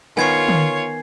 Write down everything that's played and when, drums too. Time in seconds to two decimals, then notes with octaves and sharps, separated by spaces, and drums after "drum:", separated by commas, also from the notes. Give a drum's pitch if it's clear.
0.17 D#3 B3 F4 C#5 G#5 G#6 C7
0.49 drum: tom